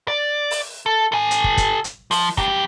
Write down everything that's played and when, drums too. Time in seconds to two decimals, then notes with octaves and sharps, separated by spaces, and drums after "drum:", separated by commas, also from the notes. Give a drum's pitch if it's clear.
0.08 D5
0.51 drum: open hi-hat
0.86 A4
1.12 A4 G#5
1.31 drum: hi-hat
1.44 drum: kick
1.57 drum: kick, hi-hat
1.84 drum: hi-hat
2.11 F3, drum: open hi-hat
2.38 F2 G4, drum: kick